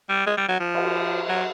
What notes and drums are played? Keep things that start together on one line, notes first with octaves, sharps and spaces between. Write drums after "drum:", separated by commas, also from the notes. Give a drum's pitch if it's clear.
G3
G#3
G3
F#3
F3
drum: cymbal
F#3